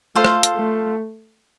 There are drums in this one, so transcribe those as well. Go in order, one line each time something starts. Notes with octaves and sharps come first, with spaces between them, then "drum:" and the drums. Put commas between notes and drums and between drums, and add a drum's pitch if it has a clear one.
A3 F4 A4 C5 F5
drum: rim click
drum: hi-hat
A3